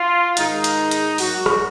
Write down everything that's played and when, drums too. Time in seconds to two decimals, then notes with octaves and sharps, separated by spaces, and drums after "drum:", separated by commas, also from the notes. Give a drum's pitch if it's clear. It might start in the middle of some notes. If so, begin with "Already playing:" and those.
Already playing: F4
0.37 G#2 D#3 G#3 D#4, drum: hi-hat
0.64 drum: hi-hat
0.91 drum: hi-hat
1.18 G#2 F#3 A#3 F#4, drum: open hi-hat
1.46 drum: rim click